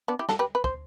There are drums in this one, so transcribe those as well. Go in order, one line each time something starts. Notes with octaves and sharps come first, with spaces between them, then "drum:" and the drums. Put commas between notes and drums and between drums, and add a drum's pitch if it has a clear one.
B3 D4
E4 G4
F#4 A4, drum: snare
G4 B4
B4
C5, drum: kick